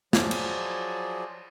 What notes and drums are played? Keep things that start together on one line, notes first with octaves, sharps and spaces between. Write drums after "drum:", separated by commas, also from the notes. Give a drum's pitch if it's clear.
F3 F#3 G#4 C5 D5, drum: snare
drum: cymbal